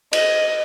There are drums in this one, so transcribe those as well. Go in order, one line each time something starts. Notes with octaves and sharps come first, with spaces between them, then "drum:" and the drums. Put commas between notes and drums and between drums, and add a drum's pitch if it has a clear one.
D#5, drum: cymbal